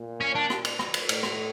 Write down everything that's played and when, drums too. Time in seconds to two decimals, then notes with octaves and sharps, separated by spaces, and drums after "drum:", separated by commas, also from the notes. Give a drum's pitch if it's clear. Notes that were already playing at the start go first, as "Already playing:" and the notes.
Already playing: A#2
0.21 C#4
0.35 D4
0.50 drum: rim click
0.65 drum: cymbal
0.79 drum: rim click
0.94 drum: cymbal
1.09 A2, drum: cymbal
1.23 drum: rim click